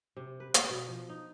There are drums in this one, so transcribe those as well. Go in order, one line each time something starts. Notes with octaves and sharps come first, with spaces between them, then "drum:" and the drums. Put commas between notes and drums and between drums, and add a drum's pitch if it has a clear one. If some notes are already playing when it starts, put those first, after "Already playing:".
C3
B4
B4, drum: hi-hat
B2
F3
D#4